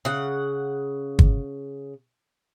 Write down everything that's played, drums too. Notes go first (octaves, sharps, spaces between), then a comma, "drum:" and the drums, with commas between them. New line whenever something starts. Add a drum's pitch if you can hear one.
C#3 F#5
drum: kick